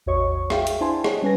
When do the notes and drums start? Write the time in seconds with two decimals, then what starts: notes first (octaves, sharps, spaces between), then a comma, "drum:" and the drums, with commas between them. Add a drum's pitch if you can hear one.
0.06 A1 E2 F#4 C#5 D#5 C#6
0.50 G#4 E5 F5 G5, drum: rim click
0.67 drum: hi-hat
0.80 D4 E4 C5 G#5 A5 C6
1.04 G4 G#4 C#5 D#5 F#5, drum: rim click
1.22 G3 C#4 B4 G#5 A#6